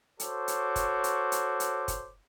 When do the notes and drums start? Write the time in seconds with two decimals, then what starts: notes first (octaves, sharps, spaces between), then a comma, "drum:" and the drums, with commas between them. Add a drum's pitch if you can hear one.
0.20 F#4 A4 C5 C#5 D6, drum: hi-hat
0.48 drum: hi-hat
0.76 drum: kick, hi-hat
1.04 drum: hi-hat
1.32 drum: hi-hat
1.60 drum: hi-hat
1.88 drum: kick, hi-hat